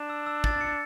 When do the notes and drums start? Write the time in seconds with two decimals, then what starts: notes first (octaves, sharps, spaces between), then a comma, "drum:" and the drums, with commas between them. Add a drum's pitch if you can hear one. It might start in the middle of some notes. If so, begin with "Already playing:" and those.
Already playing: D4 E7
0.10 E6
0.26 E6
0.44 A6, drum: kick
0.61 C#7